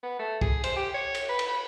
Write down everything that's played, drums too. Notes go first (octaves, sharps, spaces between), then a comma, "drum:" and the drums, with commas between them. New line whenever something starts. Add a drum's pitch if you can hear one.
B3
A3
G#4, drum: kick
C5, drum: cymbal
G4
C#5
drum: cymbal
B4
drum: cymbal
B5